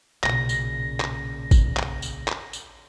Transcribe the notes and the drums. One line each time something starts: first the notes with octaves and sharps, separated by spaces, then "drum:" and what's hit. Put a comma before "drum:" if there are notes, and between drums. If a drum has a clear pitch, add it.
B1 A#2 C#3 A#6, drum: clap
drum: tambourine
drum: clap
drum: kick, tambourine
drum: clap
drum: tambourine
drum: clap
drum: tambourine